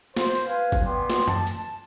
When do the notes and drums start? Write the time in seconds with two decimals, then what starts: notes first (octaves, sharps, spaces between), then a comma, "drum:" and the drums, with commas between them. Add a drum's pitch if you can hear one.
0.17 C5, drum: snare
0.35 drum: hi-hat
0.46 B4 F5 G#5
0.72 drum: kick
0.85 B3 D5 G5 G#5 C6
1.10 drum: snare
1.28 A5, drum: tom F#2
1.47 drum: hi-hat